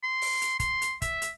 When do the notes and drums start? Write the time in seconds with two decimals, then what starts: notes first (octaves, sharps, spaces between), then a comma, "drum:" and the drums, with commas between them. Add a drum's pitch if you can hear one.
0.03 C6
0.22 drum: open hi-hat
0.42 drum: hi-hat
0.60 C6, drum: kick, hi-hat
0.82 drum: hi-hat
1.02 E5, drum: kick, hi-hat
1.22 drum: hi-hat